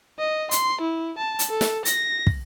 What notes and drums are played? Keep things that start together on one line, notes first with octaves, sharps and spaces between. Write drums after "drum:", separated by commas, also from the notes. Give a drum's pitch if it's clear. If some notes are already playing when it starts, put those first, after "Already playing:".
D#5
C6, drum: hi-hat
E4
A5
drum: hi-hat
A4
drum: snare
A#6, drum: hi-hat
drum: kick